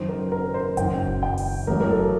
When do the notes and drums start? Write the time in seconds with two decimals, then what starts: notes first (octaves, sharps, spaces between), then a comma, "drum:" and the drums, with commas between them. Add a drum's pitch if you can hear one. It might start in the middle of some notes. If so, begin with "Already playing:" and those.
Already playing: F#1 F#2 D#3 C5
0.09 A#4
0.32 A#4
0.54 C5
0.77 F#1 F#2 D#3 G5, drum: kick F1, hi-hat
1.07 drum: kick F1
1.23 G5
1.38 drum: open hi-hat
1.67 A1 A2 F#3 A#4, drum: kick F1
1.81 A#4
1.91 A4